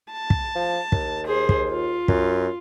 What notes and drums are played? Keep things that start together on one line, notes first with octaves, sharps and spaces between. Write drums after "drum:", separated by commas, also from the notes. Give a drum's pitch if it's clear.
A5
drum: kick
F3
D#2, drum: kick
G#4 C5
drum: kick
F4
F#2, drum: kick